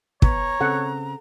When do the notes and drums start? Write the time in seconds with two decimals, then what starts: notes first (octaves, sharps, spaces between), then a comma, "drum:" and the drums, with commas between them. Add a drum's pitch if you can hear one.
0.22 B3 C#5 A#5, drum: kick
0.60 C#3 C4 A4 F#5